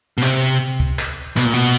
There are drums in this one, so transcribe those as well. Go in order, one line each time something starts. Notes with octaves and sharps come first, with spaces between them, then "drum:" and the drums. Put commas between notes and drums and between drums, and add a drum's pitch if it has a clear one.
B2
C3, drum: clap
drum: kick
drum: clap
B2, drum: clap
A#2
B2